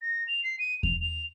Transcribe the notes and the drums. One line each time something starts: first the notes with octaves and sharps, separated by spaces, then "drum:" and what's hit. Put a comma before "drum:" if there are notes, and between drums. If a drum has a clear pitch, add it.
A#6
F7
C7
D#7
F7, drum: kick E2
F7